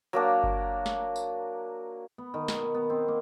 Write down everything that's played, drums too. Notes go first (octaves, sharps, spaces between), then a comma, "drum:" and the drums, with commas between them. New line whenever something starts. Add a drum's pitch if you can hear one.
F#3 A#3 D4
drum: kick G1
drum: snare
drum: tambourine
B3
D#3
B2, drum: snare
D#4
B3
C4
A#3